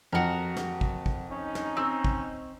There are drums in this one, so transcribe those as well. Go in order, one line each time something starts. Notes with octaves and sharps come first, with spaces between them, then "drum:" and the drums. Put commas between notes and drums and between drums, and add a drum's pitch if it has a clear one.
F2 F#4 A#4
drum: snare
drum: kick
drum: kick
C#4 D#4
drum: snare
C4 E6
drum: kick